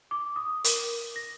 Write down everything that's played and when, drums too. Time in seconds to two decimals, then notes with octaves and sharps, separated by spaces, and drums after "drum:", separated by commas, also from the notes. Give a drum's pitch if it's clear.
0.11 D6
0.36 D#6
0.64 A#4, drum: hi-hat
1.16 A#6